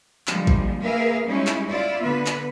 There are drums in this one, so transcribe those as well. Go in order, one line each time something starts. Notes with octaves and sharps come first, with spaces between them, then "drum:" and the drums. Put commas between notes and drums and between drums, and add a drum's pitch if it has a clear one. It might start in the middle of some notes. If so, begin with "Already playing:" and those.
D3 F3 G3 G#3 A#3, drum: clap
drum: kick A1
A#3 G#4 A#4 B4 E5 F5
G3 G#3 C#4 D#4 E4
drum: clap
E4 F4 D5 E5
D3 B3 B4
drum: clap